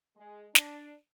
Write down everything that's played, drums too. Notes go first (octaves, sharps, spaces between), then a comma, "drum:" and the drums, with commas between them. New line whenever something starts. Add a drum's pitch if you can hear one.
G#3
D4, drum: snare